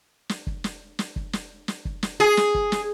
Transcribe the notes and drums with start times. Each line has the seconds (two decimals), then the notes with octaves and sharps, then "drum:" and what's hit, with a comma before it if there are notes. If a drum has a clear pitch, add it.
0.29 drum: snare
0.47 drum: kick
0.64 drum: snare
0.99 drum: snare
1.16 drum: kick
1.33 drum: snare
1.68 drum: snare
1.85 drum: kick
2.03 drum: snare
2.20 G#4
2.37 drum: snare
2.55 drum: kick
2.72 drum: snare